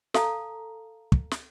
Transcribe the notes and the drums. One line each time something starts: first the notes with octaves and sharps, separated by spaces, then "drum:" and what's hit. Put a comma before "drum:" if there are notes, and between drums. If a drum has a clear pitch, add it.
A4 F5 A5 A#5, drum: snare
drum: kick
drum: snare